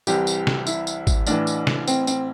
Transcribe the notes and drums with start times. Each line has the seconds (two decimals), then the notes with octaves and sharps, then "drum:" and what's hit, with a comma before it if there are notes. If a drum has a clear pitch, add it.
0.07 C2 C3 E3 G4, drum: tambourine
0.27 drum: tambourine
0.47 drum: snare
0.67 E4, drum: tambourine
0.87 drum: tambourine
1.07 drum: kick G#1, tambourine
1.26 A1 A2 E3 D4, drum: tambourine
1.47 drum: tambourine
1.67 drum: snare
1.88 C4, drum: tambourine
2.07 C4, drum: tambourine